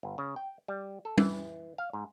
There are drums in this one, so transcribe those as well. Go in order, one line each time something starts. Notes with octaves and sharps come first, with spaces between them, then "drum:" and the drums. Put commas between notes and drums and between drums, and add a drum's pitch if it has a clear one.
G1
C#3
G5
G3
A4
E3, drum: tom
F5
G#2